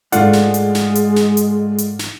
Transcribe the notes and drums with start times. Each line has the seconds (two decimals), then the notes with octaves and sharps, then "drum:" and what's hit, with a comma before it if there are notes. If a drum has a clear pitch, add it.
0.12 G#2 G#3 A3 D4 F4 F#5, drum: hi-hat
0.33 drum: snare
0.54 drum: hi-hat
0.75 drum: snare
0.95 drum: hi-hat
1.16 drum: snare
1.37 drum: hi-hat
1.78 drum: hi-hat
1.99 drum: snare